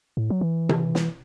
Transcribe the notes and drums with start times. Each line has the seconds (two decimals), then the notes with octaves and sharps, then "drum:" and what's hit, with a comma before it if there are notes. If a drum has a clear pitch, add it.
0.17 A2
0.30 F#3
0.41 E3
0.69 drum: tom C3
0.95 drum: snare